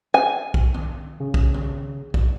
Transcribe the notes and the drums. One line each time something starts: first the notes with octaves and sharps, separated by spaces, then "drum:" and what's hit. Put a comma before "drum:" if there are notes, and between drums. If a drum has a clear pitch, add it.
G#5
drum: kick
drum: tom D#3
C#3
drum: kick
drum: tom D#3
drum: kick